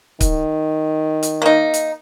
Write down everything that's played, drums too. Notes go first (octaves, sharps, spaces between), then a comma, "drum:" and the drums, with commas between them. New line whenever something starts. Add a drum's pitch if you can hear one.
D#3, drum: kick C#1, hi-hat
drum: hi-hat
A#3 D#4
drum: hi-hat